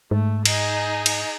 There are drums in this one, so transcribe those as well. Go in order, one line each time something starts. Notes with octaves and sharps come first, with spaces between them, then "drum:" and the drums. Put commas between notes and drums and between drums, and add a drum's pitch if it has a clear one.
G#2 A3
D#4 G#4 D#5, drum: cymbal
drum: cymbal